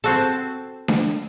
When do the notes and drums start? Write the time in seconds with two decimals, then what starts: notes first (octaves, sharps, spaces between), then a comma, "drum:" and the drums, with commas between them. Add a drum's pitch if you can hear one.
0.04 C4 F#4 A4
0.88 drum: snare D4